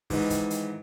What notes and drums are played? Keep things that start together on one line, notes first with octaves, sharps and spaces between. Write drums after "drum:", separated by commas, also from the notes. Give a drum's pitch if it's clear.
G#2 D#3 E3 B4 D#5, drum: kick, open hi-hat
drum: kick, hi-hat
drum: hi-hat